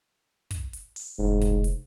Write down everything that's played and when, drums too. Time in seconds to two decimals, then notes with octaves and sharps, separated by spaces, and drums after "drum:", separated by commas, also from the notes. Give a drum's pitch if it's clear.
0.51 drum: kick, hi-hat
0.73 drum: hi-hat
0.96 drum: open hi-hat
1.19 F1 G#2
1.41 drum: kick, hi-hat
1.64 drum: hi-hat